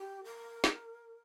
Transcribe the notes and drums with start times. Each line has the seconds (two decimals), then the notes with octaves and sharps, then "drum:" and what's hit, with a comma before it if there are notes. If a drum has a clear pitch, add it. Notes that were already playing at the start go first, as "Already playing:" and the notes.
Already playing: G4
0.24 A#4
0.64 drum: snare